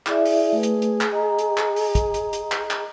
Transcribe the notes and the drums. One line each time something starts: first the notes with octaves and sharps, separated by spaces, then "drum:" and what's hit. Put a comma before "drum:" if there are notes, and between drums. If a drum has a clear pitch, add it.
E4 G#4 D5 E5, drum: clap
drum: open hi-hat
A3 B4
drum: hi-hat
drum: hi-hat
drum: clap
D#5 A#5
drum: hi-hat
drum: clap
drum: open hi-hat
drum: kick, hi-hat
drum: hi-hat
drum: hi-hat
drum: clap
drum: clap